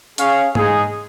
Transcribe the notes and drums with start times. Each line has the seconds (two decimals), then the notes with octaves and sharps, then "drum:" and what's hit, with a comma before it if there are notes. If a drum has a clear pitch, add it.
0.18 C#4 G#4 C#5 F5, drum: hi-hat
0.55 G#3 D#4 G#4, drum: tom